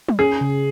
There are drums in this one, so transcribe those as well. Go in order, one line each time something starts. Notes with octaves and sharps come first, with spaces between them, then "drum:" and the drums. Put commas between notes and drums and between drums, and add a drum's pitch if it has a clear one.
drum: tom
C#4 G#4
C#3